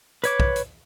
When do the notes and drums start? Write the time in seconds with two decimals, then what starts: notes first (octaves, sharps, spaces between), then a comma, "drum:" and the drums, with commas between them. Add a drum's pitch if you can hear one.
0.24 B4 C#5 D6, drum: hi-hat
0.40 drum: kick
0.56 drum: hi-hat